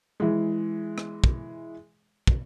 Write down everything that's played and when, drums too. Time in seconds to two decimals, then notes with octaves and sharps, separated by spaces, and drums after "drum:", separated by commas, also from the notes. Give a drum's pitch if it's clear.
0.20 E3 G#3
0.98 drum: rim click
1.24 drum: kick
2.27 drum: kick